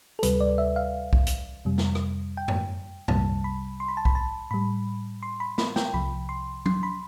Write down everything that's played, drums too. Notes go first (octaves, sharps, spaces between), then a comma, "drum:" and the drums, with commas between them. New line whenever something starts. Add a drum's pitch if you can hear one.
A4
D2 C3 G3 B4, drum: hi-hat
D5
E5
F5
drum: kick B1
drum: hi-hat
F2 C3 G3
drum: snare
drum: rim click
G5
drum: tom F#2
C2 C3 G3 A5, drum: tom F#2
B5
C6
B5
A5
B5, drum: kick B1
A5
A2 G3 B5
C6
B5
B5, drum: snare
G5, drum: snare
C2 C3 F3 B5
C6
C6, drum: tom F#3
B5